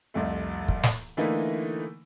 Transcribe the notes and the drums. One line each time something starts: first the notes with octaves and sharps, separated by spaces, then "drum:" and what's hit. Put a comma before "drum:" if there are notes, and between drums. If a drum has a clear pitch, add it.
C2 F2 A3
drum: kick
drum: snare
D3 E3 A3 A#3 D#4 E4